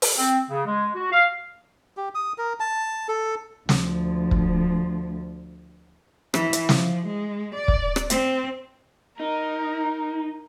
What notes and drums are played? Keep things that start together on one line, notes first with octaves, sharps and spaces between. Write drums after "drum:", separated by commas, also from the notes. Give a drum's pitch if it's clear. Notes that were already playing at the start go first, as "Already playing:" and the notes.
drum: open hi-hat
C4
C#3
G#3
F#4
F5
G4
D#6
A#4
A5
A4
D2 F3, drum: snare
drum: kick
E3, drum: rim click
drum: hi-hat
F3, drum: snare
G#3
D5
drum: kick
drum: rim click
C4, drum: hi-hat
D#4 A#4